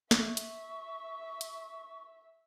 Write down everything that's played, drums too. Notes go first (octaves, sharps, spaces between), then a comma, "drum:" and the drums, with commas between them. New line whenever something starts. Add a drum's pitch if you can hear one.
E5 C#6, drum: snare
drum: hi-hat
drum: hi-hat